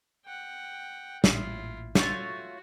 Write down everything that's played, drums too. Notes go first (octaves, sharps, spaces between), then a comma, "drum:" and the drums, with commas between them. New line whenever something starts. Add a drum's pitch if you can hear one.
F#5 G5
A1 A#2 E4 F4, drum: snare
A3 F4 F#4 C#5, drum: snare